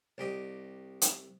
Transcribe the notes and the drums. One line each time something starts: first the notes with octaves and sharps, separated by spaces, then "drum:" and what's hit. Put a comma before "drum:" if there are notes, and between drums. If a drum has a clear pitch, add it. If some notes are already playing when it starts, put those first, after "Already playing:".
C2 G4 D#5
drum: hi-hat